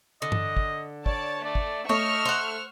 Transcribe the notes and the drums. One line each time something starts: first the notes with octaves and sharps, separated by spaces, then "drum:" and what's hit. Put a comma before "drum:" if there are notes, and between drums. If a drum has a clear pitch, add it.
D3 D#5
drum: tom G2
drum: kick
C#5 D5 A5, drum: kick
A3 D5
drum: kick
A3 C#5 D#5 C#6 E6 F6
C5 F#5